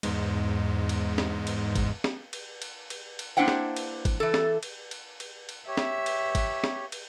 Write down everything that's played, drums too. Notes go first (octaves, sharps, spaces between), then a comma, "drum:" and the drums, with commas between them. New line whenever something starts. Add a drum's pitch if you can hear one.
E2 G#2 G#3, drum: cymbal
drum: cymbal
drum: snare
drum: cymbal
drum: kick G#1, cymbal
drum: snare
drum: cymbal
drum: cymbal
drum: cymbal
drum: cymbal
A#3 D4 E4 C5 F#5 G5
drum: snare
drum: cymbal
drum: kick G#1, cymbal
E3 A4
drum: snare
drum: cymbal
drum: cymbal
drum: cymbal
drum: cymbal
G4 C#5 E5
drum: snare
drum: cymbal
drum: kick G#1, cymbal
drum: snare
drum: cymbal